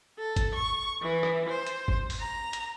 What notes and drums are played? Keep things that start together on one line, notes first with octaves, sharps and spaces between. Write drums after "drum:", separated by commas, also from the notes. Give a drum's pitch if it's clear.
A4
drum: kick G1, hi-hat
C#6
E3
drum: rim click
C5
drum: hi-hat
drum: kick G1
drum: open hi-hat
A#5
drum: hi-hat